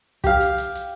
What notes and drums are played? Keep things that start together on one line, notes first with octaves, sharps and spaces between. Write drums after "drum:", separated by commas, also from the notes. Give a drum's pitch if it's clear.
G4 F5, drum: kick, hi-hat
drum: hi-hat
drum: hi-hat
drum: hi-hat